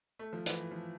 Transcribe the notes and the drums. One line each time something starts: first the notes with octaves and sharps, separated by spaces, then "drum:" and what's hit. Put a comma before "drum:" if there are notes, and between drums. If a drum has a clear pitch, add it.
A3
F3
E3, drum: hi-hat
F3